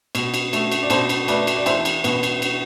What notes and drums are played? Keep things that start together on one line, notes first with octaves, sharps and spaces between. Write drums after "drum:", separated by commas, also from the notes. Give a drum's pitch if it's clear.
B2, drum: cymbal
drum: cymbal
A3, drum: cymbal
drum: cymbal
D5
B2 A4 C5, drum: cymbal
drum: cymbal
A3 B4 D5, drum: cymbal
drum: cymbal
D5
E2 C5 E5, drum: cymbal
drum: cymbal
B2 B3, drum: cymbal
drum: cymbal
drum: cymbal